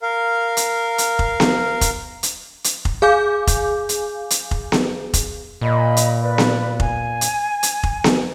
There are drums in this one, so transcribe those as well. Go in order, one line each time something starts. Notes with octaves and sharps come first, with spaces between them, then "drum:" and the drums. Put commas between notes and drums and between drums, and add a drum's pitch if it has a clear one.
A#4 F5
drum: hi-hat
drum: hi-hat
drum: kick F1
drum: snare B3
drum: kick F1, hi-hat
drum: hi-hat
drum: hi-hat
drum: kick F1
G#4 F5 G#5 D6 G6
drum: kick F1, hi-hat
drum: hi-hat
drum: hi-hat
drum: kick F1
drum: snare B3
drum: kick F1, hi-hat
A#2 D#5 B5
drum: hi-hat
B4 D5 B5
drum: snare B3
G#5, drum: kick F1
drum: hi-hat
drum: hi-hat
drum: kick F1
drum: snare B3